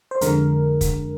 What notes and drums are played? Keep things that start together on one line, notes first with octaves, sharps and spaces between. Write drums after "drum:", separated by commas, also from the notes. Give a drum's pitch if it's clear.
C5
F2 D3 G#3 A#4, drum: hi-hat
drum: kick, hi-hat